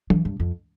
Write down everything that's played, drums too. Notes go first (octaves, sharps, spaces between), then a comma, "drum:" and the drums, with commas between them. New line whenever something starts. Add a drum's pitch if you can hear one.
E3, drum: tom
G2
F2